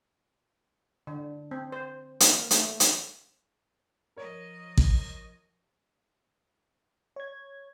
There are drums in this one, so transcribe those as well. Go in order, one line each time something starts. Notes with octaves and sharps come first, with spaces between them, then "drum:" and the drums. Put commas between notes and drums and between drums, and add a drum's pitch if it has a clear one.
D3
C4
C5
A#3, drum: hi-hat
A3, drum: hi-hat
drum: hi-hat
F3 A#4 C#5 D#5
drum: kick A1
C#5 G#6